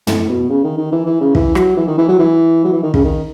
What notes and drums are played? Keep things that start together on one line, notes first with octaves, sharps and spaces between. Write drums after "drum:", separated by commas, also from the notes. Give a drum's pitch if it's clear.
A2, drum: tom
B2
C#3
D#3
D#3
E3
E3
C#3
E3, drum: kick
F#3, drum: rim click
E3
D#3
E3
F#3
E3
F#3
E3
D#3
C#3, drum: kick
D#3